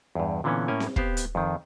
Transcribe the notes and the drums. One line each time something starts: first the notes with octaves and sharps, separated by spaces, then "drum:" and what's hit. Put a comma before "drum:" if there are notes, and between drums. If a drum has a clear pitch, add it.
E2 G2
A#2 D3 E3 B3 C#4
A2 A#3 C#4 A#4 G#5
drum: snare C4
B3 G4 C5 F5, drum: kick
drum: hi-hat
F2 D#3